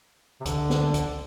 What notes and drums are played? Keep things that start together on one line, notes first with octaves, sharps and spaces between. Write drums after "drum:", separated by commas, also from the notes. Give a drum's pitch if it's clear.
C3
D3, drum: kick C#2, hi-hat
drum: snare
drum: kick C#2, hi-hat